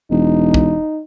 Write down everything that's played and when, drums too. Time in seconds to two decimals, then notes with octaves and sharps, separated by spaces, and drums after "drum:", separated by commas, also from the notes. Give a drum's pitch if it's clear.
0.11 E1 D#4
0.54 drum: kick